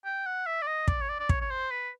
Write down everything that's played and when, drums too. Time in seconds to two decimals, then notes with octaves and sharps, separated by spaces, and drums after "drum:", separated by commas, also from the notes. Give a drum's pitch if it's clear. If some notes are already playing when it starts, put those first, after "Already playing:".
0.05 G5
0.26 F#5
0.46 E5
0.62 D5
0.67 D#5
0.88 D5, drum: kick
1.01 C#5
1.09 D5
1.19 D5
1.29 C#5, drum: kick
1.41 C#5
1.50 C5
1.71 B4